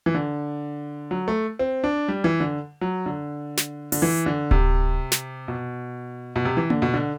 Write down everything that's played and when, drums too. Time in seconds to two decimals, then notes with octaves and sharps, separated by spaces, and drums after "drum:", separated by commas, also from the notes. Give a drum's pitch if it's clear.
0.06 E3
0.14 D3
1.11 F#3
1.28 A3
1.59 C4
1.84 D4
2.08 G3
2.24 E3
2.40 D3
2.81 F#3
3.06 D3
3.57 drum: snare
3.92 D3, drum: open hi-hat
4.02 E3
4.26 D3
4.51 C3, drum: kick D1
5.12 drum: snare
5.48 B2
6.36 B2
6.45 C3
6.57 E3
6.70 D3, drum: tom A#3
6.82 B2
6.94 D3